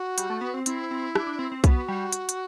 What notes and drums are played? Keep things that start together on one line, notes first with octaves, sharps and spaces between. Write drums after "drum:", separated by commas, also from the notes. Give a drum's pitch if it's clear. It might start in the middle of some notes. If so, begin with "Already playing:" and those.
Already playing: F#4
G3, drum: hi-hat
A3
B3
C4
C4 E4, drum: hi-hat
C4
D4, drum: rim click
D4
C4
C4
B3 F#4 G4, drum: kick B1, hi-hat
G3
drum: hi-hat
drum: hi-hat